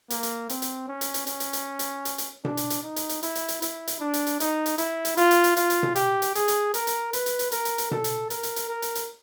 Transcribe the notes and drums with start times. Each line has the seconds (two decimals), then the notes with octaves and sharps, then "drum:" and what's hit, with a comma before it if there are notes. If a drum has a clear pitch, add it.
0.10 A#3, drum: hi-hat
0.23 drum: hi-hat
0.49 C4, drum: hi-hat
0.62 drum: hi-hat
0.88 C#4
1.01 drum: hi-hat
1.14 drum: hi-hat
1.27 C#4, drum: hi-hat
1.40 drum: hi-hat
1.53 drum: hi-hat
1.79 drum: hi-hat
2.05 drum: hi-hat
2.18 drum: hi-hat
2.45 D4, drum: tom B2
2.57 drum: hi-hat
2.70 drum: hi-hat
2.83 D#4
2.96 drum: hi-hat
3.09 drum: hi-hat
3.23 E4, drum: hi-hat
3.35 drum: hi-hat
3.48 drum: hi-hat
3.62 E4, drum: hi-hat
3.87 drum: hi-hat
4.00 D4
4.14 drum: hi-hat
4.27 drum: hi-hat
4.40 D#4, drum: hi-hat
4.66 drum: hi-hat
4.78 E4, drum: hi-hat
5.05 drum: hi-hat
5.17 F4, drum: hi-hat
5.31 drum: hi-hat
5.44 drum: hi-hat
5.57 F4, drum: hi-hat
5.70 drum: hi-hat
5.83 drum: tom B2
5.95 G4, drum: hi-hat
6.22 drum: hi-hat
6.35 G#4, drum: hi-hat
6.48 drum: hi-hat
6.74 A#4, drum: hi-hat
6.87 drum: hi-hat
7.13 B4, drum: hi-hat
7.26 drum: hi-hat
7.39 drum: hi-hat
7.52 A#4, drum: hi-hat
7.65 drum: hi-hat
7.78 drum: hi-hat
7.91 A4, drum: tom B2
8.04 drum: hi-hat
8.30 A#4, drum: hi-hat
8.43 drum: hi-hat
8.56 drum: hi-hat
8.69 A#4
8.82 drum: hi-hat
8.95 drum: hi-hat